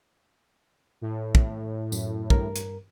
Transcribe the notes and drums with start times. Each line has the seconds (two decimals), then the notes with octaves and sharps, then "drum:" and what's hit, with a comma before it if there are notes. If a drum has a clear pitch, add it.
1.01 A2
1.35 drum: kick
1.92 F#2, drum: tambourine
2.30 G2 A#4, drum: kick
2.56 drum: hi-hat